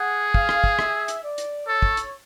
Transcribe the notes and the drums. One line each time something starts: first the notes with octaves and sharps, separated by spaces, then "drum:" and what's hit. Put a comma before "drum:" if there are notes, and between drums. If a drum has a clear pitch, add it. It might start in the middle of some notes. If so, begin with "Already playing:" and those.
Already playing: G#4 F#5
F5, drum: kick
drum: rim click
drum: kick
E5, drum: rim click
drum: hi-hat
D5
drum: hi-hat
A4 C#5
drum: kick
drum: hi-hat